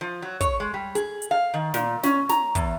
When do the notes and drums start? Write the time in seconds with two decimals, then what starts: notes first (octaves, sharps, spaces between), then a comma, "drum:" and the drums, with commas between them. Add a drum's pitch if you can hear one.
0.01 F3
0.22 F#3
0.41 C#5, drum: kick, hi-hat
0.60 G#3
0.74 G3
0.95 G#4, drum: hi-hat
1.22 drum: hi-hat
1.31 F5
1.54 D#3
1.74 A#2, drum: snare
2.03 C#4, drum: snare
2.29 A#5, drum: snare
2.55 E2, drum: kick, hi-hat